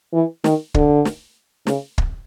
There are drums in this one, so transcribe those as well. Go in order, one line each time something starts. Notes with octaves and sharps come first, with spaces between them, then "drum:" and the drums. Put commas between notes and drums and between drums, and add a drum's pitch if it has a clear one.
E3
D#3, drum: snare
D3, drum: kick
drum: snare
C#3, drum: snare
drum: kick